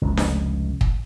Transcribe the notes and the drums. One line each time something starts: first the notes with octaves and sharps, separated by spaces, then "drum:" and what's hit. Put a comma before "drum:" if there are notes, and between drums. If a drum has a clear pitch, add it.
F1 C#2
drum: snare D4
drum: kick